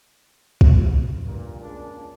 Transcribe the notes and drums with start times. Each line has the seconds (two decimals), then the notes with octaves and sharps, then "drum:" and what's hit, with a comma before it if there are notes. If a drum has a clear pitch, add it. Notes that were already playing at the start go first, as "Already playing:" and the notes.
0.61 drum: kick
1.27 G2 A#2
1.62 G#1 C#2 A#2 C#3 G#3 D4